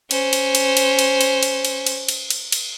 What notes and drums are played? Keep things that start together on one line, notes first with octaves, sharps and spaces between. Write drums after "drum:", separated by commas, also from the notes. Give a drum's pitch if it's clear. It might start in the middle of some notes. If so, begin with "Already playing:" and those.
C#4 C5, drum: cymbal
drum: cymbal
drum: cymbal
drum: cymbal
drum: cymbal
drum: cymbal
drum: cymbal
drum: cymbal
drum: cymbal
drum: cymbal
drum: cymbal
drum: cymbal